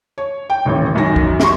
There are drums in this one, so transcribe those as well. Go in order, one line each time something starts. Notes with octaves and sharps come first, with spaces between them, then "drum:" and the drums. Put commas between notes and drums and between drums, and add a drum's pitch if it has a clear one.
C#5
G5
D#1 A1 C#4
B1 F#2 D#3 F#3 G#5 A#6
drum: kick
E5 A#5 C6 C#6, drum: snare